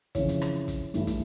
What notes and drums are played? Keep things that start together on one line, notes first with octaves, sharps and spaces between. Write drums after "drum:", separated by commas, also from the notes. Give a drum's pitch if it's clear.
F2 C#3 E3 C#5, drum: kick, hi-hat
drum: hi-hat
drum: rim click
drum: kick, hi-hat
G2 E3 A3 E4, drum: hi-hat
drum: kick, hi-hat